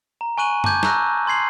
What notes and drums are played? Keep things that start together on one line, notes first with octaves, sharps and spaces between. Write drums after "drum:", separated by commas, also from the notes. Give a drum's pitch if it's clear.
A#5
G#5 C#6 F#6 D#7 F#7
A5 D6 G6 G#6, drum: tom F#2
A#5 C#6 E6 F#6 A#6, drum: snare
C6 G#6 C7 F#7